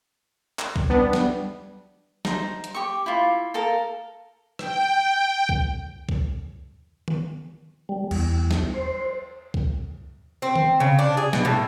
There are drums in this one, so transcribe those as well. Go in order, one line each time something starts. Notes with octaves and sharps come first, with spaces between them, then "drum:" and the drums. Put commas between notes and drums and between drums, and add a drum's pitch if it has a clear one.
drum: clap
drum: kick C2
G3 B3 D4
drum: snare
D#4 C5, drum: snare
drum: hi-hat
G4 C#6
E4 F4
A4 A#4 F5 A5
G5, drum: rim click
drum: kick C2
drum: kick C2
drum: tom D#3
G3
E2, drum: cymbal
drum: snare
C5
drum: kick C2
C4
drum: tom D#3
C#3
D4
G#4
B2, drum: snare
A2